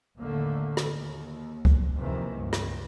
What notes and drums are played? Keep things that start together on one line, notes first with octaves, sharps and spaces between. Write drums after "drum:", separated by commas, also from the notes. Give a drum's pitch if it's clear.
A1 D#2 D3 A3 A#3
drum: rim click
D#2
drum: kick C#2
F2 C3 D#3 E3 A#3
C#2 G2
drum: rim click